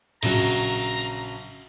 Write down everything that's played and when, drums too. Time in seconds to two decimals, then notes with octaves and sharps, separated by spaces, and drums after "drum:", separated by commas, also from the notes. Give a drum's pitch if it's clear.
0.23 A#1 C#3 F#3 A#5, drum: cymbal